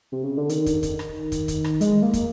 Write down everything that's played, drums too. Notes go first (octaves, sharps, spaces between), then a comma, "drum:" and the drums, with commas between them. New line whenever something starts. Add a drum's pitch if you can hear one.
C3
C#3
D3
D#3, drum: hi-hat
drum: kick, hi-hat
drum: kick, hi-hat
drum: rim click
drum: kick, hi-hat
drum: kick, hi-hat
drum: rim click
G#3, drum: hi-hat
A#3
drum: kick, hi-hat